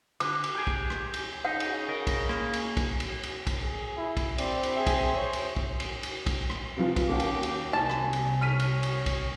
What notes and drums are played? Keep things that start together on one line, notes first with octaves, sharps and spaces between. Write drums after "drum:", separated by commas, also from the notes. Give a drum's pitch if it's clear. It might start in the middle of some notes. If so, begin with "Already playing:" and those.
D3 D6, drum: cymbal
drum: cymbal
G4 G#4
drum: kick
drum: rim click
drum: cymbal
C#3 D#4 F#5
drum: cymbal
A#4 D#5
drum: kick, cymbal
A#3, drum: rim click
drum: cymbal
drum: kick, cymbal
drum: cymbal
drum: cymbal
drum: kick, cymbal
G#4
E4
drum: kick, cymbal
C4 D5, drum: cymbal
drum: cymbal
G#4 E5 G#5
drum: kick, cymbal
C5 C#5
drum: cymbal
drum: kick
drum: cymbal
drum: cymbal
drum: kick, cymbal
drum: rim click
C3 F3 B4 F5
drum: kick, cymbal
D#2 C#4 F#4 G5 D6
drum: cymbal
drum: cymbal
C2 C3 G#5 A5
drum: rim click
drum: cymbal
C#5 F6 B6 D#7
drum: cymbal
drum: cymbal
drum: kick, cymbal